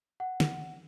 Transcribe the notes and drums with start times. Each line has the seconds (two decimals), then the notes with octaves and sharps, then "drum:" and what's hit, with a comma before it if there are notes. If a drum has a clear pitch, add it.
0.20 F#5
0.40 drum: snare